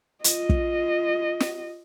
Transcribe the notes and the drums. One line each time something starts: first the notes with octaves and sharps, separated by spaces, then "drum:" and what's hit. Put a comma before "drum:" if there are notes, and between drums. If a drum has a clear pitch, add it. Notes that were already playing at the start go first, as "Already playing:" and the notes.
F4 D#5, drum: hi-hat
drum: kick
drum: snare